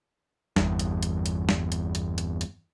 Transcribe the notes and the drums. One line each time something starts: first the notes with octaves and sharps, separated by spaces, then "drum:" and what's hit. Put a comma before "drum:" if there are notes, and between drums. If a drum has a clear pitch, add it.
G1 E2, drum: snare
drum: hi-hat
drum: hi-hat
drum: hi-hat
drum: snare
drum: hi-hat
drum: hi-hat
drum: hi-hat
drum: hi-hat